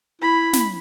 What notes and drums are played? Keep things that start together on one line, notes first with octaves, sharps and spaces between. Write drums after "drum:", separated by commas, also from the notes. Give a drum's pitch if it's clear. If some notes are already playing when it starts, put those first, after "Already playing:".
E4 B5
drum: snare